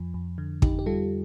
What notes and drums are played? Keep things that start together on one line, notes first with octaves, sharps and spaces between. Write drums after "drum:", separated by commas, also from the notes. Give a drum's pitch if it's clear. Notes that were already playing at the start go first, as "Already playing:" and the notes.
Already playing: F2 F3
F2
D3
F2 D#4 G4, drum: kick
G4
G3 F4 A4